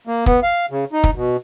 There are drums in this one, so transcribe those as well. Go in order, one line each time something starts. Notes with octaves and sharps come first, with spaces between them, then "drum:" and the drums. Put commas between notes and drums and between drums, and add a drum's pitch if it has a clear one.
A#3
B3, drum: kick
F5
C#3
D#4
drum: kick
B2